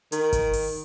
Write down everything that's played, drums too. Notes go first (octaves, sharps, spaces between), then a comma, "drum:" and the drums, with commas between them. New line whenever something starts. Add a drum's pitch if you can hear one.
D#3, drum: hi-hat
drum: kick G#1, hi-hat
drum: open hi-hat